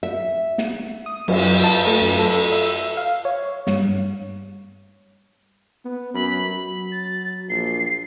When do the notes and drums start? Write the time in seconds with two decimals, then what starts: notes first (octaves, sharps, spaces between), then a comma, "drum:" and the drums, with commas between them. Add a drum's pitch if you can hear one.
0.03 E5
0.58 drum: snare
1.06 D#6
1.28 F#2, drum: cymbal
1.64 A5
1.87 A3
2.02 F#2
2.19 A4
2.52 E5
2.97 F5
3.25 C#5
3.67 G2, drum: snare
5.85 B3
6.14 F#2 B5
6.51 F#3
6.91 A6
7.49 A#1 C7